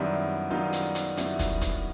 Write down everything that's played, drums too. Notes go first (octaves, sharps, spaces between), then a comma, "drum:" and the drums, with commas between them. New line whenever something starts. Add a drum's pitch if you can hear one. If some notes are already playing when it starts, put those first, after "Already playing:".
Already playing: F#2 D#3 G3 B3 D4 E4
F#2 D#3 G3 B3 D#4 F4
drum: hi-hat
drum: hi-hat
F#2 D#3 G3 B3 E4 F#4, drum: hi-hat
drum: kick, hi-hat
drum: kick, hi-hat